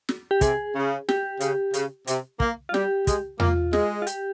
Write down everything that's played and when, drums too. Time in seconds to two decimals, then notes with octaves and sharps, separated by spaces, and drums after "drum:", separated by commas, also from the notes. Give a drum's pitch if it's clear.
0.09 drum: snare
0.31 G4
0.41 C3 G#4, drum: kick, hi-hat
0.75 C#3
1.09 G4, drum: snare
1.40 C#3, drum: hi-hat
1.74 C#3, drum: hi-hat
2.07 C3, drum: hi-hat
2.40 A#3, drum: kick
2.69 F4
2.74 G3 G4, drum: snare
3.07 G#3, drum: kick, hi-hat
3.40 A#3 F4, drum: tom E2
3.73 G#3, drum: snare
4.02 F4
4.07 G4, drum: hi-hat